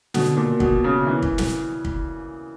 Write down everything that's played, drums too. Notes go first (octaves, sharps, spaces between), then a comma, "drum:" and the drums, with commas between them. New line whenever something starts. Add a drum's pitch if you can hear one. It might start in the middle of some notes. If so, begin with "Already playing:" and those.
B2 D3, drum: snare
A#2
B2, drum: kick
C#3
C#3 E3
drum: kick
drum: snare
drum: kick